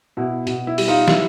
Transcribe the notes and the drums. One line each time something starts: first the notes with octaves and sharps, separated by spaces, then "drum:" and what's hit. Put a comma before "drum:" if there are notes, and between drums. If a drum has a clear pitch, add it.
B2 E4
B2, drum: hi-hat
E4
G3, drum: open hi-hat
D#4 F4
G3 E4, drum: snare